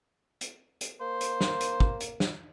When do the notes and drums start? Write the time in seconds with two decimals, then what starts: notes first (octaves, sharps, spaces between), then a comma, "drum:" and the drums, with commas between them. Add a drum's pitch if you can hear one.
0.41 drum: hi-hat
0.81 drum: hi-hat
1.01 A#3 C5
1.21 drum: hi-hat
1.41 drum: snare
1.61 drum: hi-hat
1.80 drum: kick
2.00 drum: hi-hat
2.20 drum: snare